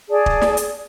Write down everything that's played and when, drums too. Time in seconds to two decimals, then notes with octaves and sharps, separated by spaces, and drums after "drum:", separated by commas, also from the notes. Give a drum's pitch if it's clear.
0.10 G#4 D5 A5
0.26 drum: kick
0.42 drum: snare
0.57 drum: hi-hat